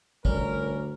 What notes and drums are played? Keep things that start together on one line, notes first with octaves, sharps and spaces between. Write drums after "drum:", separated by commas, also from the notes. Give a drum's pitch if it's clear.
D2 G3 C#4 A#4, drum: kick